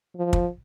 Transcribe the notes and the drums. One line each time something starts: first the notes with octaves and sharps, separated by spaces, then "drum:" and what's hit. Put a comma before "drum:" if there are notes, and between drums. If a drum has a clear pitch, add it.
F3
drum: kick